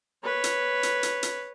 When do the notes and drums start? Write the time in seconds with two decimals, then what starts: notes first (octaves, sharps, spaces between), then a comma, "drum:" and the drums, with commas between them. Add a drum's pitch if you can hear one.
0.24 B4 C#5
0.44 drum: hi-hat
0.83 drum: hi-hat
1.03 drum: hi-hat
1.23 drum: hi-hat